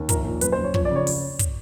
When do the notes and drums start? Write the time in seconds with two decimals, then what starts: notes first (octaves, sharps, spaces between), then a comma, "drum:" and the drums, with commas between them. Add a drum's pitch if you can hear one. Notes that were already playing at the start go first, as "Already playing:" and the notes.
Already playing: D#2
0.09 A#1 A#4, drum: kick, hi-hat
0.25 A#2
0.41 F#1 B4, drum: hi-hat
0.52 C5
0.59 F#1
0.64 C#5
0.74 F3 C#5, drum: kick
0.85 D5
0.91 C#3 C#5
1.07 drum: open hi-hat
1.39 drum: kick, hi-hat